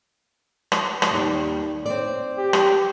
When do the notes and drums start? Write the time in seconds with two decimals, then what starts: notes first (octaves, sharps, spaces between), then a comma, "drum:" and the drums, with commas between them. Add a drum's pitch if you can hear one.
0.72 drum: rim click
1.02 drum: rim click
1.11 D#2 G3
1.86 C4 D5
2.38 G4
2.53 drum: rim click